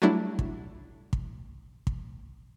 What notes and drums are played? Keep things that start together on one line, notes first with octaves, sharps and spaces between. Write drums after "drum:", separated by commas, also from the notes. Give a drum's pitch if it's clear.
F#3 G3 A3 D4 E4
drum: kick
drum: kick
drum: kick